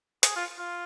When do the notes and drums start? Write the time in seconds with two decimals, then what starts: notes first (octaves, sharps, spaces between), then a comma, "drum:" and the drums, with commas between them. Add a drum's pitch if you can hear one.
0.23 G#4, drum: hi-hat
0.36 F4
0.59 F4